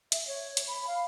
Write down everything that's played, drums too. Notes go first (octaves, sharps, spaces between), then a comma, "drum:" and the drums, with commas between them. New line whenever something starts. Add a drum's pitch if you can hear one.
E5, drum: hi-hat
C#5
drum: hi-hat
B5
F5